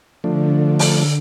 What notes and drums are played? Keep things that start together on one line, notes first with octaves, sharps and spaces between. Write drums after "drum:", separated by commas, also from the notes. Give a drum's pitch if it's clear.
D3 F3 A3 D4
drum: open hi-hat